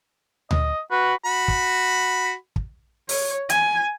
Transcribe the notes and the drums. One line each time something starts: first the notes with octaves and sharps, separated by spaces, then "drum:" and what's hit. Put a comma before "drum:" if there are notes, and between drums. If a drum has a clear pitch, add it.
D#5, drum: tom D2
F#4 B4
F#4 B5
drum: kick
drum: kick
C#5, drum: open hi-hat
G#5, drum: hi-hat